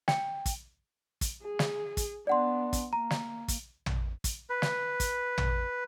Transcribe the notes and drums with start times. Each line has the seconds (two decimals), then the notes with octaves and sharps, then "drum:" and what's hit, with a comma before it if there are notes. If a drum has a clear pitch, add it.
0.08 G5, drum: snare
0.46 drum: kick, hi-hat
1.21 drum: kick, hi-hat
1.43 G#4
1.59 drum: snare
1.97 drum: kick, hi-hat
2.27 B3 D4 D5 F#5 C6
2.73 drum: kick, hi-hat
2.93 A#3 A#5
3.10 drum: snare
3.48 drum: kick, hi-hat
3.86 drum: tom
4.24 drum: kick, hi-hat
4.50 B4
4.62 drum: snare
5.00 drum: kick, hi-hat
5.38 drum: tom